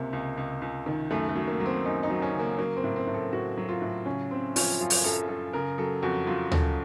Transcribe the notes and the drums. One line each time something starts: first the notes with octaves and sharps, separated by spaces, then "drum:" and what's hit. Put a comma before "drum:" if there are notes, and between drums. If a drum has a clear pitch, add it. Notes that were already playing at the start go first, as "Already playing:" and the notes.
Already playing: C#2 C3 A#3
C#2
C#2
C#2
D#3
F#2 A3
A3
F#3
A#3
F#3
C4
F#2 D#4
D#4
F#3
C#4
C#3
A#3
F#3 A#3
C4
A2
C4
A2
A4
A2 F#4
F#3
F4
A2
C#3 C#4
C#3 C4
F3 C#4, drum: open hi-hat
F#2 F4
drum: open hi-hat
F#2 A4
F#2 A4
C#3 A#4
F#3 A4
F2 F#4
F#3 F4
C#3 A4, drum: tom